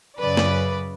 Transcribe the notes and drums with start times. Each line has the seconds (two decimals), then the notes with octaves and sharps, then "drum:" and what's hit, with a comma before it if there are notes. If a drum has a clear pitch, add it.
0.19 F#2 C#3 B4 D5
0.37 drum: snare